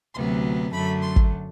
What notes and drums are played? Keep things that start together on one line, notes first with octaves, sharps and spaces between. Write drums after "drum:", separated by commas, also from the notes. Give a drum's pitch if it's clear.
D2 C3 F#3 B3 C6
F#2 D3 F#3 A3 B5
C6
drum: kick